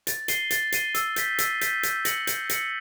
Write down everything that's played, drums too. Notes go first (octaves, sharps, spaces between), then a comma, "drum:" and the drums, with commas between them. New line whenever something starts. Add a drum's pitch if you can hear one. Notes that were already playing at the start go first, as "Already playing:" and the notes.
A6, drum: hi-hat
C7 D#7 G7, drum: hi-hat
A6, drum: hi-hat
C7 D#7 G7, drum: hi-hat
E6, drum: hi-hat
G6 B6, drum: hi-hat
E6, drum: hi-hat
G6 B6, drum: hi-hat
G6, drum: hi-hat
A#6 C#7 F#7, drum: hi-hat
G6, drum: hi-hat
A#6 C#7 F#7, drum: hi-hat